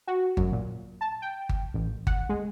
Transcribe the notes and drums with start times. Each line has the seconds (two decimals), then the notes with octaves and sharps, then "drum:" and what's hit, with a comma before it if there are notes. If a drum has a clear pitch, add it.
0.07 F#4
0.37 F#2, drum: kick G1
0.52 A#2
1.01 A5
1.22 G5
1.49 drum: kick G1
1.74 A1
2.07 F#5, drum: kick G1
2.29 G#3